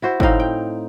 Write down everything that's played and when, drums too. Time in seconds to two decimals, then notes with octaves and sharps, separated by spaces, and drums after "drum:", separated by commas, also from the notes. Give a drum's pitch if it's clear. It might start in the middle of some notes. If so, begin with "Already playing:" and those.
0.02 E4 F#4 C5
0.20 A2 C4 D#4 F5, drum: kick
0.40 G5